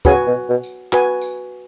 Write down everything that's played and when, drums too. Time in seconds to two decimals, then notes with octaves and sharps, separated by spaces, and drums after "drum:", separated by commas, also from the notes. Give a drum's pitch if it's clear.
0.05 C#3 F#4 B4 G#5, drum: kick, tambourine
0.27 B2
0.49 B2
0.63 drum: tambourine
0.93 F#4 B4 G#5, drum: clap
1.21 drum: tambourine